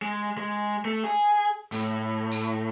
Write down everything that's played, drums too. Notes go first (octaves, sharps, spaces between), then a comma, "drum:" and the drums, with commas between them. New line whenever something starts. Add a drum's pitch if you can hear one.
G#3
G#3
A3
G#4
A2, drum: tambourine
drum: tambourine